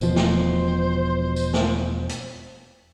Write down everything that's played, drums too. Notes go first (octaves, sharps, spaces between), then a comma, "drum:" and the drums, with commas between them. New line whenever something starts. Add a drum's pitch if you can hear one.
E1 B2 F3 C5, drum: tambourine
drum: snare
drum: tambourine
drum: snare
drum: hi-hat